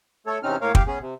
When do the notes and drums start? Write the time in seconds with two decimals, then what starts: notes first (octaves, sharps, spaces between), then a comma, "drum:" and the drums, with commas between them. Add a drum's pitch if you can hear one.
0.27 A3 A4 C#5
0.43 E2 C3 C4 C#4 D#4 F6
0.61 A2 A3 A#3 A#4 C#5 F5
0.75 G4 F5 G5, drum: kick
0.87 B3 C#4 G#4
1.00 C3